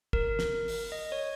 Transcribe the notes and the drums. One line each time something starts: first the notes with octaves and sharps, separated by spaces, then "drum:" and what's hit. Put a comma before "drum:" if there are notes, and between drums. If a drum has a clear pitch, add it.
A#4, drum: kick
drum: snare
drum: open hi-hat
D#5
C#5